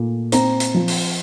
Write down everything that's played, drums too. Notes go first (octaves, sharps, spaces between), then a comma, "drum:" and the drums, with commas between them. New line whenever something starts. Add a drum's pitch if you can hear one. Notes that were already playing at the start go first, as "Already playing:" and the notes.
Already playing: A#2 A3
C4 A#5, drum: hi-hat
drum: hi-hat
F3
drum: open hi-hat